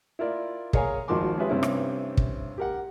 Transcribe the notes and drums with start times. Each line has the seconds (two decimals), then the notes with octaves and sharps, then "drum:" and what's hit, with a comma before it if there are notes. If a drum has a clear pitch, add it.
0.19 E4 F4 A#4 D5
0.73 G#4 A#4 C#5 F5 G#5 A#5, drum: kick
1.08 G#1 D#3 F3 F#4 C6 D6
1.38 G#3 C#4 F4 G4 B4 E5
1.50 G2 C3 C4 C#4 E4
1.63 drum: rim click
2.17 drum: kick
2.58 G4 A#4 F#5